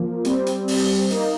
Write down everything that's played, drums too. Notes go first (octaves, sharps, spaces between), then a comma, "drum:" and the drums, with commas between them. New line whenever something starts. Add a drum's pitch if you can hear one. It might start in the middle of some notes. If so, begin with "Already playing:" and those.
Already playing: F3 A#3
G3 C4, drum: hi-hat
drum: hi-hat
drum: open hi-hat
A#3 D#4, drum: hi-hat